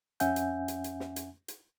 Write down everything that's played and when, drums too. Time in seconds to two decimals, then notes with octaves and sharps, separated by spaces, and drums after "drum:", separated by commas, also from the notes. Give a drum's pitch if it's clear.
0.20 F2 C#4 E5 F#5 G#5 G6, drum: hi-hat
0.36 drum: hi-hat
0.68 drum: hi-hat
0.84 drum: hi-hat
1.00 drum: snare
1.16 drum: hi-hat
1.48 drum: hi-hat